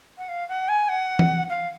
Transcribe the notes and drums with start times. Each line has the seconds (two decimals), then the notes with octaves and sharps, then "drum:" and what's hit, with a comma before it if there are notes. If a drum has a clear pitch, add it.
0.18 F#5
0.29 F5
0.49 F#5
0.69 G#5
0.89 F#5
1.19 drum: tom E3
1.50 F5